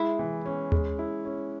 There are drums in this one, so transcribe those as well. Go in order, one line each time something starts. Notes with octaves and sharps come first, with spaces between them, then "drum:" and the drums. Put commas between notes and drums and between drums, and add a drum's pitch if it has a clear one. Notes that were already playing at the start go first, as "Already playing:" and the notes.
Already playing: G#3 E4
E3
C#4
G#3, drum: tom D#2
E4
C#4